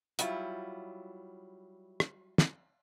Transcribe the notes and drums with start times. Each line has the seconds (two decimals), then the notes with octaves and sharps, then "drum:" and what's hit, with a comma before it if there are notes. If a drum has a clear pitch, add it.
0.19 F#3 G3 E4 F4, drum: hi-hat
2.00 drum: rim click
2.38 drum: snare